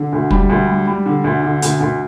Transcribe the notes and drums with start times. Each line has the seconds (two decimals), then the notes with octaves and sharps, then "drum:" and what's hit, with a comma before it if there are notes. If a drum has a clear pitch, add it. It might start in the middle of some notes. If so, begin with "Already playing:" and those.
Already playing: D3
0.13 D2
0.31 G3, drum: kick
0.50 D2
0.69 G3
0.87 G3
1.06 D3
1.24 D2
1.43 D3
1.62 D2, drum: hi-hat
1.81 D2